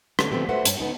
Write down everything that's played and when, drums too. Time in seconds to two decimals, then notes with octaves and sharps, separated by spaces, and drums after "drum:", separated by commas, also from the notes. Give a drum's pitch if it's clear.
0.19 D3 A3 B3 C#4, drum: rim click
0.32 D3 F3 A3 B3 C4
0.49 A3 A4 B4 C5 E5 F#5
0.65 G2 C#5, drum: hi-hat
0.80 D2 G#2 B3 D#4